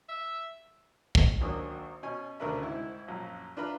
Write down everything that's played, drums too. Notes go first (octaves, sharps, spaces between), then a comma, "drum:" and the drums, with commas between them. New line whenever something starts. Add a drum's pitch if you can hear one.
E5
drum: kick
G#1 F#3 A#3 D4 G#5 D#6
B2 C#4 C#5 G#5
D2 C#3 D4 A#4 B4 E5
C2 G#2 E4
A#1 F#2
D4 F4 B4 E5 A#5 B5